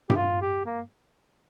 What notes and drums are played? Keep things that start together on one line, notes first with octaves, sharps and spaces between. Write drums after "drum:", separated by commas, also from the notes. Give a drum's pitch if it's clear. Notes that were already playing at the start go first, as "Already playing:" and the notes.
G4, drum: tom G2
F4
G4
A#3